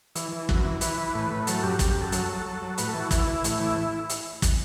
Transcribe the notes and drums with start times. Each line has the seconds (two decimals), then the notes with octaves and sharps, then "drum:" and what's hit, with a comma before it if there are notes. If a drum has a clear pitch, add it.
0.15 E3, drum: hi-hat
0.32 E3
0.49 F#2, drum: kick
0.65 E3
0.81 E3 B4, drum: hi-hat
0.98 E3
1.15 A2
1.31 A2
1.47 F#3 A4, drum: hi-hat
1.63 F#2 G4
1.79 F#2 G4, drum: kick, hi-hat
1.91 G4
1.96 F#2
2.01 A4
2.12 F#3 A4, drum: hi-hat
2.29 F#3
2.46 F#3
2.62 F#3
2.78 A2 B4, drum: hi-hat
2.89 A4
2.94 E3
3.00 F#4
3.11 E3 E4, drum: kick, hi-hat
3.27 E3
3.44 A2, drum: hi-hat
3.60 E3
4.09 drum: hi-hat
4.42 drum: kick, hi-hat